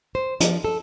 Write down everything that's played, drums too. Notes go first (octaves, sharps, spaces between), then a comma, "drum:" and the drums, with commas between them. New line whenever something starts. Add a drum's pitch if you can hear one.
C5
F3, drum: hi-hat
A4